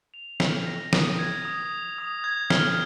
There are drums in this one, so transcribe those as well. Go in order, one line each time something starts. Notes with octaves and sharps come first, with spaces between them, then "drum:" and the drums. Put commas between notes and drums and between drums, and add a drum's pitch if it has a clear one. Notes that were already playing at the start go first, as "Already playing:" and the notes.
F7
F6, drum: snare
A#6
D#6, drum: snare
G#6
D#6
F7
D#6
G#6
F6, drum: snare